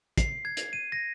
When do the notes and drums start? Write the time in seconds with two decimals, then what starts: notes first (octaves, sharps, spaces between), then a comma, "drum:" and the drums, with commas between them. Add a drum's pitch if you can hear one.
0.18 C7, drum: kick, hi-hat
0.45 G#6
0.57 drum: hi-hat
0.73 D#7
0.92 A#6